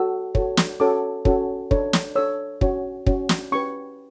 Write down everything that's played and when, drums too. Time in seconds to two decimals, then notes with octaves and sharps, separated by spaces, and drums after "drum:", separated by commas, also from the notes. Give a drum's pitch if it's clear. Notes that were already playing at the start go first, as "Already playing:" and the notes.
Already playing: F#4 A4 C#5 E6
0.35 F#4 A4 C#5, drum: kick
0.57 drum: snare
0.80 C#4 F#4 A4 C#5 D6
1.25 C#4 F#4 A4 C#5, drum: kick
1.71 D4 A4 C#5, drum: kick
1.93 drum: snare
2.16 D4 A4 C#5 E6
2.61 C#4 F#4 C#5, drum: kick
3.06 C#4 F#4 C#5, drum: kick
3.29 drum: snare
3.52 C#4 G4 B4 C#6